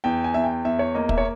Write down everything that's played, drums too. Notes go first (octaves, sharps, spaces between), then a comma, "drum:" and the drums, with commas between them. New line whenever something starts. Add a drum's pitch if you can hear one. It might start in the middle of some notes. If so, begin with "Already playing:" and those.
E2 G5
G#5
E2 E5
G5
E2 E5
C#5
A#3 D#5
E5, drum: kick
C#5